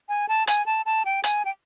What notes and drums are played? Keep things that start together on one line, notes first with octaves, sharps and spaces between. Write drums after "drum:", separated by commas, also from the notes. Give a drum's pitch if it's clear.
G#5
A5
G#5, drum: hi-hat
A5
A5
G5
G#5, drum: hi-hat
G5